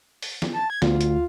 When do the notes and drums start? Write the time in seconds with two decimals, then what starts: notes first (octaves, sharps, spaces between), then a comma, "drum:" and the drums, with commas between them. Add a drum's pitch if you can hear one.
0.22 drum: open hi-hat
0.42 drum: snare
0.53 A5
0.70 G#6
0.82 D2 F4, drum: snare
1.01 F4, drum: hi-hat